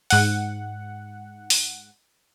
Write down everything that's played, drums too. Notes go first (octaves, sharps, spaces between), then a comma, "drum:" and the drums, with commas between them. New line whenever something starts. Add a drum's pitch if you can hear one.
G#2 F#5, drum: open hi-hat
drum: open hi-hat